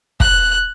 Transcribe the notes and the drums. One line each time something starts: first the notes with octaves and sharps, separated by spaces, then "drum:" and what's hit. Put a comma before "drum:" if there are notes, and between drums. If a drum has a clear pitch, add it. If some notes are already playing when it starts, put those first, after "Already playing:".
F#6, drum: kick